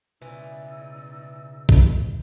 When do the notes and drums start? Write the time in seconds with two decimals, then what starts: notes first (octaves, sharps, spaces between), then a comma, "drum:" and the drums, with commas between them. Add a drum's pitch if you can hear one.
0.22 C#2 B2 E3 D#4 D5 E6
1.69 drum: kick